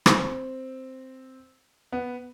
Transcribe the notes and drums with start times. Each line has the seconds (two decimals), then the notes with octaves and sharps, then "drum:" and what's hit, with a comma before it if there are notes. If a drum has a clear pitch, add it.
0.06 C4, drum: rim click
1.92 B3